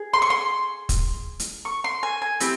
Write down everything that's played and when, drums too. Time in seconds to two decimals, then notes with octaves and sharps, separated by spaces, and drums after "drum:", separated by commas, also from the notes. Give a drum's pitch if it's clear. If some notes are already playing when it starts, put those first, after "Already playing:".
Already playing: G#4
0.14 C6
0.22 C#6
0.30 C6
0.89 drum: kick, hi-hat
1.40 drum: hi-hat
1.65 C#6
1.84 C6
2.03 G#5
2.22 G#5
2.40 C4 E4 G4, drum: hi-hat